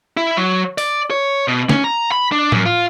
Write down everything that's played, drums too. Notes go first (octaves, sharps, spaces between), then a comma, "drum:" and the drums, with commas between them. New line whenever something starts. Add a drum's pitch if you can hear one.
E4
F#3
D5, drum: open hi-hat
C#5
B2
C#4, drum: snare
A#5
B5
D4
F#2, drum: tom A2
F4